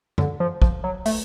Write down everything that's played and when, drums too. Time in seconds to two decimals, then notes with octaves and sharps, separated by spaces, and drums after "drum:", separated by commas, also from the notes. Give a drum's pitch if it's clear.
0.18 D3, drum: tom F#2
0.40 F3
0.62 F3, drum: kick
0.84 F#3
1.06 A3, drum: open hi-hat